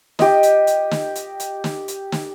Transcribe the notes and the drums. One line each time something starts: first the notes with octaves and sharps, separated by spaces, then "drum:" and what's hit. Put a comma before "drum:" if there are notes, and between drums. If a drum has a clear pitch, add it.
G4 D#5, drum: snare
drum: hi-hat
drum: hi-hat
drum: snare
drum: hi-hat
drum: hi-hat
drum: snare
drum: hi-hat
drum: snare